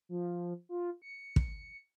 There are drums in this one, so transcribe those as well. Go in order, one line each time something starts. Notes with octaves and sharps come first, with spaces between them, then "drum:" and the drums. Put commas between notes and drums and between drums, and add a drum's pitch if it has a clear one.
F3
F4
C#7
drum: kick